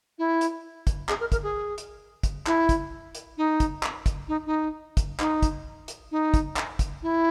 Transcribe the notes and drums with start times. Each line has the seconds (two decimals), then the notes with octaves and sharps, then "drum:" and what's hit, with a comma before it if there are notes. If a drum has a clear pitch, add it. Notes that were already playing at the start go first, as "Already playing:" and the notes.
0.18 E4
0.41 drum: hi-hat
0.87 drum: kick, hi-hat
1.09 G#4, drum: clap
1.20 A#4
1.32 A#4, drum: kick, hi-hat
1.43 G#4
1.78 drum: hi-hat
2.23 drum: kick, hi-hat
2.46 E4, drum: clap
2.69 drum: kick, hi-hat
3.15 drum: hi-hat
3.38 D#4
3.60 drum: kick, hi-hat
3.83 drum: clap
4.06 drum: kick, hi-hat
4.28 D#4
4.46 D#4
4.97 drum: kick, hi-hat
5.20 D#4, drum: clap
5.42 drum: kick, hi-hat
5.88 drum: hi-hat
6.11 D#4
6.34 drum: kick, hi-hat
6.56 drum: clap
6.79 drum: kick, hi-hat
7.03 E4